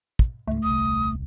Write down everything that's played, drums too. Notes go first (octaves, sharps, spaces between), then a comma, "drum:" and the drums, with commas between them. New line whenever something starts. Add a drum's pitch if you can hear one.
drum: kick
C#2 G#2 A3
D#1 C2 D#6